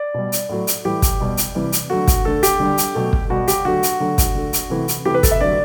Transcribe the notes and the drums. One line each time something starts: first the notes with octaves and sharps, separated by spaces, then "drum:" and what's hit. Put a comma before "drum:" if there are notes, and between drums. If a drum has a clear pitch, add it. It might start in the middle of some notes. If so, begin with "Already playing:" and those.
Already playing: D5
B2 G3
drum: hi-hat
A2 F#3 A3
drum: hi-hat
A2 E3 G3 G4
drum: kick, hi-hat
B2 G3
drum: hi-hat
C3 E3 G3
drum: hi-hat
D3 F#3 A3 F#4
drum: kick, hi-hat
D3 A3 A4
G4, drum: hi-hat
D3 G3
drum: hi-hat
B2 F#3 A3
drum: kick
B2 G3 F#4
G4, drum: hi-hat
D3 F#3 A3 F#4
drum: hi-hat
D3 F#3 A3
drum: kick, hi-hat
D3 A3
drum: hi-hat
C3 E3 A3
drum: hi-hat
C3 E3 A3 G4
B4
A4, drum: kick, hi-hat
E5
D3 F#3 A3 D5